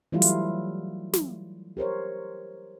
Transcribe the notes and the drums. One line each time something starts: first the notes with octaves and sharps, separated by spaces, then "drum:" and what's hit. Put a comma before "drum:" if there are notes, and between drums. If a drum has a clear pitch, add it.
E3 F#3 G3 A3 E4 F4
drum: hi-hat
drum: snare
G4 A#4 C5 C#5